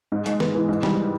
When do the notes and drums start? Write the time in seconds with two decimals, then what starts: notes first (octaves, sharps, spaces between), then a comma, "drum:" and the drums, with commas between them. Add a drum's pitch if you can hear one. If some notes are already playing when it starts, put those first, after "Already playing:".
0.12 G#2
0.26 G#3, drum: hi-hat
0.40 B3, drum: snare
0.55 E3
0.69 G#2
0.83 G3, drum: snare